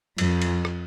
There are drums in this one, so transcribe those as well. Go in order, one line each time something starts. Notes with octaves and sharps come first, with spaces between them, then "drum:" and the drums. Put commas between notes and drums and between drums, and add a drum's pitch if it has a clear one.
F2, drum: cymbal
drum: cymbal
drum: rim click